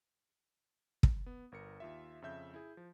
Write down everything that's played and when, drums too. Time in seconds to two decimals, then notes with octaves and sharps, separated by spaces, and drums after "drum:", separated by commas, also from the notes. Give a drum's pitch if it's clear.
1.03 drum: kick
1.26 B3
1.52 G1 A#4 C#7
1.80 D#2 F4 E5
2.22 F2 C#3 E5 G6
2.54 E4 G#4
2.77 F3